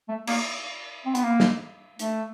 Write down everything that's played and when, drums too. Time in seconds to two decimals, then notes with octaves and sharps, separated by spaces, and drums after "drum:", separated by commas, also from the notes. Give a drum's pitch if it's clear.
0.08 A3
0.27 A#3, drum: cymbal
1.06 C4
1.15 B3, drum: hi-hat
1.23 A#3
1.40 drum: snare
1.99 A3, drum: hi-hat